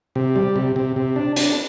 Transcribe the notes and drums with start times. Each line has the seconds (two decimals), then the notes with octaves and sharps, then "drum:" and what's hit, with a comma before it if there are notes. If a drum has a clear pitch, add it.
0.16 C3
0.36 G3
0.56 C3
0.76 C3
0.96 C3
1.16 D4
1.36 D4, drum: hi-hat